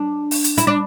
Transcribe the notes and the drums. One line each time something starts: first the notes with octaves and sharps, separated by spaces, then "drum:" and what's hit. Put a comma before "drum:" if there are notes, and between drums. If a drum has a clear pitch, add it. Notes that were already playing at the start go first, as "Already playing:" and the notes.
Already playing: D4
drum: open hi-hat
drum: hi-hat
E4, drum: hi-hat
D4